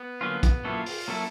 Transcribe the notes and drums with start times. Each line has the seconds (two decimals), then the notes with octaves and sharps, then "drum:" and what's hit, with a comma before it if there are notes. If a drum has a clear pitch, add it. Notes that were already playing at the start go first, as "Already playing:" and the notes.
Already playing: B3
0.21 D3 F#3 A#3 C#4 F4
0.43 drum: kick, hi-hat
0.64 F#3 A#3 C#4 E4 F4 A4
0.86 drum: open hi-hat
1.08 F#3 A#3 C#4 E4 A4